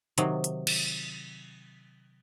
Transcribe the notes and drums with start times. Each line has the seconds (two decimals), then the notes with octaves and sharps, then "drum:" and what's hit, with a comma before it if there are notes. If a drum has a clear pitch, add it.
0.18 C3 D#3 F#3, drum: hi-hat
0.44 drum: hi-hat
0.67 drum: cymbal